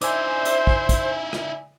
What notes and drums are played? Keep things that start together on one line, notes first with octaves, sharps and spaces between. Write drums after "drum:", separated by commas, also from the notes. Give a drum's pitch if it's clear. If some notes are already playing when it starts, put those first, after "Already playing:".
D#4 E4 C5 D5 E5 G#5, drum: hi-hat
drum: hi-hat
drum: kick
drum: kick, hi-hat
drum: rim click